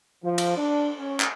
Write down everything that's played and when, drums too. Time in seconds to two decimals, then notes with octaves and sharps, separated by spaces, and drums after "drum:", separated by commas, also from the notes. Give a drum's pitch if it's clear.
0.24 F3
0.38 drum: cymbal
0.58 D4
0.98 C#4
1.20 drum: clap